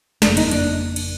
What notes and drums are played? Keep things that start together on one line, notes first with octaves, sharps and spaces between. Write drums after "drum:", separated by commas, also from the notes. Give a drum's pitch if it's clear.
G1 F2 C#3 F3 A#3 D4, drum: snare
D#4, drum: cymbal
D4, drum: cymbal
drum: cymbal